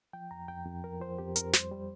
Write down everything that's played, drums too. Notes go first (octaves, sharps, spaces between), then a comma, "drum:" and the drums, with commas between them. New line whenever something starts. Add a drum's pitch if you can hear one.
F3 G5
F2 A#5
F2 G5
F2
F3 A#4
F3 C5
F2 G4
F2 A#4, drum: hi-hat
G3 C5, drum: snare
G3